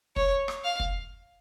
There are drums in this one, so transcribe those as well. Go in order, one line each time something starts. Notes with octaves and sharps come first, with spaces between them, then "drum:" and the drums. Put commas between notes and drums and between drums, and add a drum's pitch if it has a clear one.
C#5, drum: kick
drum: rim click
F5
drum: kick